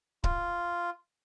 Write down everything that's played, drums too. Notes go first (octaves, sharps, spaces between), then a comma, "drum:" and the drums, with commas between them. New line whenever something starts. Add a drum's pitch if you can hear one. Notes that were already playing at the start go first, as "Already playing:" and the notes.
F4, drum: kick C#1